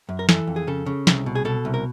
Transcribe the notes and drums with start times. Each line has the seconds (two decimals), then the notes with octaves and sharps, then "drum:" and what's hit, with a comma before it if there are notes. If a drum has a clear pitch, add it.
0.09 F#2
0.19 A#4
0.29 E3 A4, drum: snare
0.47 F2
0.56 G#4
0.67 C#3 A4
0.86 C#3
1.07 C2, drum: snare
1.26 B2
1.35 G#4
1.45 B2 A4
1.65 C2
1.74 A#4